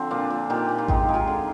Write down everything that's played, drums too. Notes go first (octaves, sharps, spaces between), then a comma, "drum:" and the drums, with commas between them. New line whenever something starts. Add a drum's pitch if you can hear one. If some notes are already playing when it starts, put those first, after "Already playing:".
Already playing: D3 F3 C4
A#2 D4 F4
A#2
A#2 D#4 G4
A#2
F4
G#3 D#4 G4, drum: kick A1
G#3
F4 G#4
D3